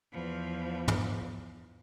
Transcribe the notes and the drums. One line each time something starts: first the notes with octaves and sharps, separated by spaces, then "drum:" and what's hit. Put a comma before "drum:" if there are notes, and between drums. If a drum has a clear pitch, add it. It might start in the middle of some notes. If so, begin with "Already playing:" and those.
E2 F3
drum: tom